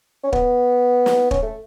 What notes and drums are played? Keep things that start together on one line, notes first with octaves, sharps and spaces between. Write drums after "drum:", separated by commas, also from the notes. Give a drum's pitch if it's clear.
C#4
B3, drum: kick
drum: snare
C#4, drum: kick
A3